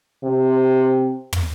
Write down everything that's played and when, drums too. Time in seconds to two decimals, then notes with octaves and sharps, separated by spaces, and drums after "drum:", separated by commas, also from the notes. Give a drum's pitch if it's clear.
0.24 C3
1.33 drum: tom